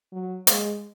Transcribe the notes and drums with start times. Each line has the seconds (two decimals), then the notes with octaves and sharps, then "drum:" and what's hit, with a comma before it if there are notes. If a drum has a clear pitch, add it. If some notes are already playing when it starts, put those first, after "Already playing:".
0.12 F#3
0.47 G#3, drum: hi-hat